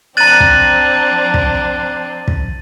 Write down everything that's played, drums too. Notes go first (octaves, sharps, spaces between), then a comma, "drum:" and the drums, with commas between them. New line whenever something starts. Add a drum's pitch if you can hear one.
F3 C4 D4 A#5 F#6 A6 D#7 F#7
drum: kick
drum: kick
drum: kick